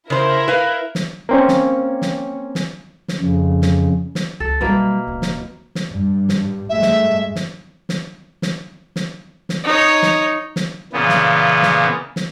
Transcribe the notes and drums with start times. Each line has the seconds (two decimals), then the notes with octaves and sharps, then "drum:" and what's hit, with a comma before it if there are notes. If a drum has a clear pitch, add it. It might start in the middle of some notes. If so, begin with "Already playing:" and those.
0.10 C#3 E4 A#4 C5
0.48 B4 F5
0.95 drum: snare
1.29 A#3 C4 C#4
1.48 drum: snare
2.02 drum: snare
2.55 drum: snare
3.08 drum: snare
3.20 F2 C#3
3.62 drum: snare
4.15 drum: snare
4.40 C#2 A4
4.61 B2 F#3 G3 A#3 E4
5.07 D1 C#4
5.22 drum: snare
5.75 drum: snare
5.89 G2
6.29 drum: snare
6.69 G2 G#3 A3 E5
6.82 drum: snare
7.35 drum: snare
7.89 drum: snare
8.42 drum: snare
8.96 drum: snare
9.49 drum: snare
9.64 D#4 C#5
10.02 drum: snare
10.56 drum: snare
10.93 A#2 C#3 E3 B3
11.09 drum: snare
11.63 drum: snare
12.16 drum: snare